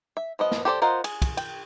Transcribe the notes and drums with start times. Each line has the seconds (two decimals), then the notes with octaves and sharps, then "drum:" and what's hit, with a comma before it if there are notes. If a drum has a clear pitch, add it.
0.17 E5
0.39 F3 B3 D#5
0.51 drum: snare
0.65 G4 A4 C5 D5
0.82 F4 A#4 C5 D#5 F#5
1.04 G#4, drum: cymbal
1.22 drum: kick, cymbal
1.37 G5, drum: cymbal